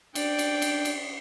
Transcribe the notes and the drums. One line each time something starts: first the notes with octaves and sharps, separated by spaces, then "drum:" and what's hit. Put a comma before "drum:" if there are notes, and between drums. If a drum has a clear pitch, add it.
D4 D5 G5, drum: cymbal
drum: cymbal
drum: cymbal
drum: cymbal